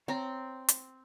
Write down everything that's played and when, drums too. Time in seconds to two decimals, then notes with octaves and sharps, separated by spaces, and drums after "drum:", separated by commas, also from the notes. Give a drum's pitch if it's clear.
0.08 C4 C#5 A5 A#5
0.69 drum: hi-hat